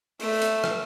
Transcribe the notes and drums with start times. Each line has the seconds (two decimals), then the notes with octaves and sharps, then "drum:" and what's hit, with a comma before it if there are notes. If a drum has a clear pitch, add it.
0.20 A3, drum: open hi-hat
0.42 drum: hi-hat
0.64 drum: rim click